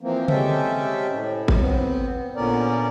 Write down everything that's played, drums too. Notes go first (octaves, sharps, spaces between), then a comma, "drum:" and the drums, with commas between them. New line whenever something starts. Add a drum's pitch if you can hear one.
E3 F3 A#3 C4
C3 G#3 C#4 A4 E5 G5, drum: tom
A2
drum: kick G#1
B3 C4
A#2 D3 B3 C#4 A#4 D5